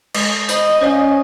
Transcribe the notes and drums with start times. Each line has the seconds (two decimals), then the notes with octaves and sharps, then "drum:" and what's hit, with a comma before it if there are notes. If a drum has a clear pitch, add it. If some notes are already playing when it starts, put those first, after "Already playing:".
0.15 G#3, drum: cymbal
0.49 C5 D#5 B5, drum: tambourine
0.81 C#4 C5 D5 F5